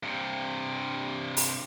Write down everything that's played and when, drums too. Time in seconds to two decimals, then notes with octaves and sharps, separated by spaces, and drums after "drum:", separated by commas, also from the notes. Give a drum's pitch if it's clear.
0.03 G2 C3
1.37 drum: open hi-hat